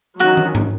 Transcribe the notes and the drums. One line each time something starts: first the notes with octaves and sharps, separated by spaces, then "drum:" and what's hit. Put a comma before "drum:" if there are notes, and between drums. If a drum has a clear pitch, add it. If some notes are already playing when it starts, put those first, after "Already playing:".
D#3 F#3 C#4 F#4, drum: hi-hat
drum: tom
drum: tom G#2